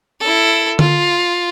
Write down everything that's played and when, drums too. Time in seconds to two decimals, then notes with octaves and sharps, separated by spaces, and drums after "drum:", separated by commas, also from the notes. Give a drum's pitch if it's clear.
0.20 E4 A4
0.79 F4, drum: tom D3